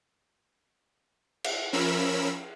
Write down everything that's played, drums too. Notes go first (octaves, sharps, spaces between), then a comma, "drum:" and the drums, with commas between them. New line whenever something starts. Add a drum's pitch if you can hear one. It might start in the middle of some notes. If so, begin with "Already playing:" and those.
drum: cymbal
F3 C#4 A#4 B5 E6